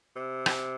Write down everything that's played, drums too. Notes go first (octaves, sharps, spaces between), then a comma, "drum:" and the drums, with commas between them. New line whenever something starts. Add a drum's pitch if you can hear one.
C3
drum: rim click